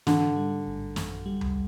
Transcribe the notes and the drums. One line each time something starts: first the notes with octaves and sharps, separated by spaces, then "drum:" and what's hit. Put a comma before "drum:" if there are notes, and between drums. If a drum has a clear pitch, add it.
G#2 D3, drum: snare
G3
A1
F#2, drum: snare
G3
drum: tom C#2